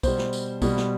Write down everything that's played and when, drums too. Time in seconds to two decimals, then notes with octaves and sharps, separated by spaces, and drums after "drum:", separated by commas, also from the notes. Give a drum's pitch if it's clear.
0.03 B2 G3 C5, drum: kick B1, tambourine
0.18 drum: snare
0.33 drum: tambourine
0.62 B2 G3, drum: kick B1, tambourine
0.77 drum: snare